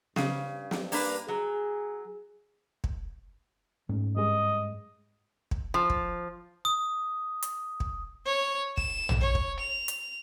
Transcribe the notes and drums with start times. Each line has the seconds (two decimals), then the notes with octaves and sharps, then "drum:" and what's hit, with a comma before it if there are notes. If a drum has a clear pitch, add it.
0.16 G2 C#3, drum: snare
0.71 drum: snare
0.92 A#3 D4 B4, drum: open hi-hat
1.28 F#3 G#4
2.84 drum: kick
3.89 G#2 A3 C#4
4.16 G2 G#3 D#5
5.51 drum: kick
5.74 F3
5.90 drum: kick
6.65 D#6
7.42 drum: hi-hat
7.80 drum: kick
8.26 C#5
8.77 E7, drum: kick
9.09 drum: tom
9.21 C#5
9.35 drum: kick
9.60 F7
9.88 drum: hi-hat